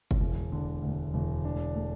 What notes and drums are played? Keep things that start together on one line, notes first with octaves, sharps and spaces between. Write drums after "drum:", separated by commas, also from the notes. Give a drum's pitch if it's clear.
drum: kick F#1
E1
D3
D2
E1
D4
A3